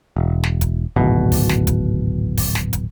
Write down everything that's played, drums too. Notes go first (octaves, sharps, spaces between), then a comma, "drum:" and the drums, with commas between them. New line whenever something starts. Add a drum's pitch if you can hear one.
E1
drum: snare
drum: kick, hi-hat
D1 G#1 B2
drum: kick, open hi-hat
drum: snare
drum: kick, hi-hat
drum: kick, open hi-hat
drum: snare
drum: kick, hi-hat